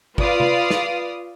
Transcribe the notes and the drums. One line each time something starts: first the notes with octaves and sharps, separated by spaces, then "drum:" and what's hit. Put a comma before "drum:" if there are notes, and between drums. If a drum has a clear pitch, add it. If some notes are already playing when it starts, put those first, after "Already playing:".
F4 B4 D5 F5 D#6, drum: kick
drum: tom C3
drum: snare